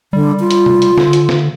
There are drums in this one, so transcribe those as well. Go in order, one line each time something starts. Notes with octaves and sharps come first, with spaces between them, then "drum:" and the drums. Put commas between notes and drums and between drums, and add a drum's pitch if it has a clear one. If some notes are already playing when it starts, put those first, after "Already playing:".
D3 G3
F4
drum: hi-hat
drum: tom C3
drum: hi-hat
D3, drum: snare D3
drum: hi-hat
drum: snare D3